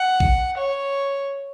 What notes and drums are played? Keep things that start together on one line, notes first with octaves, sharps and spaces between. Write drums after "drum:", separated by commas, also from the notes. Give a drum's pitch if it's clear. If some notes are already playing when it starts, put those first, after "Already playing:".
Already playing: F#5
drum: kick A#1
C#5